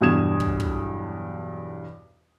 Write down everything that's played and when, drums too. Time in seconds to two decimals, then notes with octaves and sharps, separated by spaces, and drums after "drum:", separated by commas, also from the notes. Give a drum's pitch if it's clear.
0.01 B1 E2 G2 D#6 G#6 E7
0.40 drum: kick
0.60 drum: kick